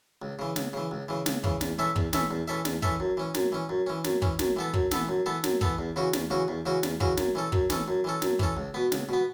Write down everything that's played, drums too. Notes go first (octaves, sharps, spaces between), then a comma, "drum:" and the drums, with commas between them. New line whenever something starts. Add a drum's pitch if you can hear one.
C#2
C#3 E3
C#2, drum: snare
C#3 E3
C#2
C#3 E3
C#2, drum: snare
C#3 E3, drum: kick
E2, drum: snare
E3 C#4 A4 E5
E2, drum: kick
E3 C#4 A4 E5, drum: snare
E2
E3 C#4 A4 E5
E2, drum: snare
E3 C#4 A4 E5, drum: kick
F#2
E3 C#4
F#2, drum: snare
E3 C#4
F#2
E3 C#4
F#2, drum: snare
E3 C#4, drum: kick
F#2, drum: snare
E3 B3 A4
F#2, drum: kick
E3 B3 A4, drum: snare
F#2
E3 B3 A4
F#2, drum: snare
E3 B3 A4, drum: kick
E2
C#3 E3 C#4 F#4
E2, drum: snare
C#3 E3 C#4 F#4
E2
C#3 E3 C#4 F#4
E2, drum: snare
C#3 E3 C#4 F#4, drum: kick
F#2, drum: snare
E3 C#4 A4
F#2, drum: kick
E3 C#4 A4, drum: snare
F#2
E3 C#4 A4
F#2, drum: snare
E3 C#4 A4, drum: kick
C#2
B2 B3
C#2, drum: snare
B2 B3